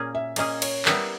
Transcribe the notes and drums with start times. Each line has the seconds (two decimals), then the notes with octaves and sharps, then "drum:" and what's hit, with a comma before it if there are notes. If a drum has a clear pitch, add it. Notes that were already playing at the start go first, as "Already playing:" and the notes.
Already playing: A#2 A#3 C#4 G#4
0.15 E5
0.36 A#2 A#3 C#4 G#4 D#5, drum: cymbal
0.62 C#5, drum: cymbal
0.85 G3 B3 E4 G4 A#4, drum: clap